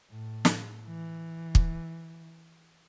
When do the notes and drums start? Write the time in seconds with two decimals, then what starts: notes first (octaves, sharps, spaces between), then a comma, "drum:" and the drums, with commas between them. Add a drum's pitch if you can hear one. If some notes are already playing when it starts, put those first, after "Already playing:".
0.11 A2
0.45 drum: snare
0.87 E3
1.55 drum: kick